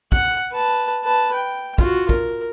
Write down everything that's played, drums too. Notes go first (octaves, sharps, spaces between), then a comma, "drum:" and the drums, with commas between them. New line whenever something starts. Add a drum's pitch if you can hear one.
F#5, drum: kick
B4 A5
B4 A5
G5
F4 F#4, drum: kick
A#4, drum: kick